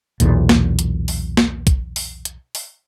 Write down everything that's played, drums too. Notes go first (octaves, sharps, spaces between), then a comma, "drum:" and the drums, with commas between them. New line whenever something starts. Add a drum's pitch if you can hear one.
B1 E2 A#2, drum: hi-hat
drum: snare
drum: hi-hat
drum: open hi-hat
drum: snare
drum: kick, hi-hat
drum: open hi-hat
drum: hi-hat
drum: open hi-hat